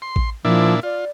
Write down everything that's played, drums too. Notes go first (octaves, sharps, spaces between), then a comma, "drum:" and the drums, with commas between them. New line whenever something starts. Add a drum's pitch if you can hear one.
C6
drum: kick A1
A#2 F3 D4 E4
F4 D5